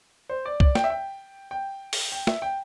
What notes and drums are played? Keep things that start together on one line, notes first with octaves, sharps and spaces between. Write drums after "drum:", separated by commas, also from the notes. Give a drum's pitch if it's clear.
C5
D5
D5, drum: kick C2
G5, drum: snare
E5
G5
G5
drum: open hi-hat
G5
E5, drum: snare
G5